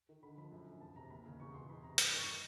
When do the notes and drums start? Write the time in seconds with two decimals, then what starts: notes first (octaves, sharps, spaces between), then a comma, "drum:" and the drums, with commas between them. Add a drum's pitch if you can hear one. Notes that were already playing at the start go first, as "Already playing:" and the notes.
0.09 D#3
0.23 D3 B5
0.38 F3 B5
0.52 F#2
0.66 D3
0.81 E2 A5
0.96 C3 A#5
1.10 D#2 B5
1.25 C#3 B5
1.40 E2 C#6
1.54 B2 C6
1.69 E2 B5
1.83 C3 A#5
1.98 G2 B5, drum: hi-hat
2.08 B5
2.13 D#3 C#6